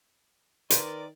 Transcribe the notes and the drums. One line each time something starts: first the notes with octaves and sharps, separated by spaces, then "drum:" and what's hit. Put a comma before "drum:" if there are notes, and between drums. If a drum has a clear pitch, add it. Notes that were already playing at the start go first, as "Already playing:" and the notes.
D#3 A#4 B4 D5 C6, drum: hi-hat